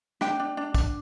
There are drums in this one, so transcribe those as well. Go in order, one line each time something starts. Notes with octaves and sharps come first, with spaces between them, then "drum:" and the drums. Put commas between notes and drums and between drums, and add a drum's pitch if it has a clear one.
D4 G5, drum: rim click
D4
D4
D4, drum: kick, tambourine